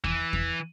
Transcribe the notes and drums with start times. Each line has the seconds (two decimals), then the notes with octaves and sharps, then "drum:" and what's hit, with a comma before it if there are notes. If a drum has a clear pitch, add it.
0.04 E3, drum: kick E2
0.33 drum: kick E2